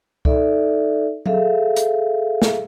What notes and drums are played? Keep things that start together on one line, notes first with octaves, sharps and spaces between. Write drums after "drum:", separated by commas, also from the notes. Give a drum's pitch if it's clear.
D#4 A4 D5 E5, drum: kick C2
G#4 A4 E5 F5, drum: tom F#3
drum: hi-hat
drum: snare